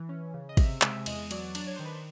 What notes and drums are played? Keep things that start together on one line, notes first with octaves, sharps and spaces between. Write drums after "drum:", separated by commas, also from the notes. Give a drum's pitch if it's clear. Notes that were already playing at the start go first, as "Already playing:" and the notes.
Already playing: E3
C#4
C#3
D#5
C3 E5, drum: kick, cymbal
G#3 E5, drum: clap
E2 D#5, drum: cymbal
F#3 D5, drum: cymbal
D4, drum: cymbal
C#5
D#3 C5
B4
C5